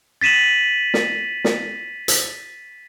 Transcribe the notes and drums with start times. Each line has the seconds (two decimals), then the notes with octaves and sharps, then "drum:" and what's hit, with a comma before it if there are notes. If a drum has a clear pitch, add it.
0.21 A6 B6 D#7 E7 F#7
0.94 drum: snare
1.45 drum: snare
2.08 drum: hi-hat